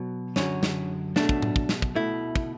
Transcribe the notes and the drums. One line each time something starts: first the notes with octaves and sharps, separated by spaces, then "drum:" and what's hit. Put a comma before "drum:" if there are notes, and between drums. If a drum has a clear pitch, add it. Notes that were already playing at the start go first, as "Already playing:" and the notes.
Already playing: B2 F#3
F#2 D3 F#3 C#4, drum: snare
drum: snare
B2 F#3 A3 D4, drum: snare
drum: kick
drum: tom A2
drum: kick
drum: snare
drum: kick
B2 A3 E4
drum: kick